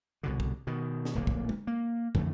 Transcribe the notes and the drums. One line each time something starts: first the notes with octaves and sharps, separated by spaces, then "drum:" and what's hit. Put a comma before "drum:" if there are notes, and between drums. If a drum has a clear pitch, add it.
C2 B2 D3
drum: kick
B2 D#3
drum: snare
D1 A#1 D3 A#3
drum: kick
drum: tom
A#3
F2 D3 E3 A3, drum: kick